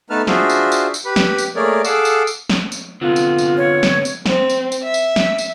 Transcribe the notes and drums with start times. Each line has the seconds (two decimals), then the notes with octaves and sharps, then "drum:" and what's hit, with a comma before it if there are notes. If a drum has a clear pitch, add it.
0.10 A3 B3 D#4 B4 A5 F6
0.27 D4 F4 F#4 G#4 C5 E5, drum: snare
0.49 drum: tambourine
0.72 drum: tambourine
0.94 drum: tambourine
1.05 G4 B4 B5
1.16 drum: snare
1.38 drum: tambourine
1.56 A3 A#3 G#4 A#4 C#5 D5
1.85 G#4 A4 F5 F#5 D6 E6, drum: tambourine
2.05 drum: tambourine
2.27 drum: tambourine
2.50 drum: snare
2.72 drum: tambourine
3.01 D3 B3 C4 F4
3.16 drum: tambourine
3.38 drum: tambourine
3.57 C#5
3.83 drum: snare
4.05 drum: tambourine
4.26 C4, drum: snare
4.50 drum: tambourine
4.72 drum: tambourine
4.84 E5
4.94 drum: tambourine
5.16 drum: snare
5.38 drum: tambourine